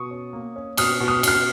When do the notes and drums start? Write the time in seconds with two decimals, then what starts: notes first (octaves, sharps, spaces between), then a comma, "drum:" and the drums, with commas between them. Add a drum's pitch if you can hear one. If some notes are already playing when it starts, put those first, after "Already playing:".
Already playing: B2 C#6 D#6
0.11 C#4
0.33 A#3
0.56 C#4
0.77 B2 D#6 F6, drum: cymbal
1.00 B2
1.08 D#6 F6
1.23 B2 F6, drum: cymbal